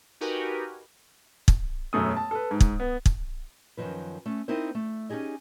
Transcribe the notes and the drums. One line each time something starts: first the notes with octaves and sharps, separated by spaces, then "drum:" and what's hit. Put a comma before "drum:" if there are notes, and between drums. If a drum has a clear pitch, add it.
D#4 F#4 G4 A#4 B4 G#5
drum: kick
E1 F#2 A3 D#6
A5
A4 B4
G#2
drum: kick
B3
drum: kick
F#2 C3 D#3 F3 B4
A3 C#4
C4 D#4 E4 A#4 C5
A3
C#4 D#4 G4 G#4 D#5